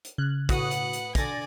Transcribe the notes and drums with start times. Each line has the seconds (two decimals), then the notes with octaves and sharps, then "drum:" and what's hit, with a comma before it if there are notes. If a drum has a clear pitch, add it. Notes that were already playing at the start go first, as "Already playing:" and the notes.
0.05 drum: hi-hat
0.18 C#3 F#6
0.49 A2 F#4 B4 F#5 D#6, drum: kick, hi-hat
0.71 drum: hi-hat
0.93 drum: hi-hat
1.15 D3 D5 G#5 A6 A#6, drum: kick, hi-hat